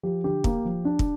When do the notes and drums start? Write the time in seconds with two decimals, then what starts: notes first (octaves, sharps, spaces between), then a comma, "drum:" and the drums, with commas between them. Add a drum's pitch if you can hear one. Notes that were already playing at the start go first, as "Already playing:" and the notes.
0.03 F3 G4
0.24 D3 G4
0.44 A#3, drum: kick
0.65 F3
0.85 D4
0.99 drum: kick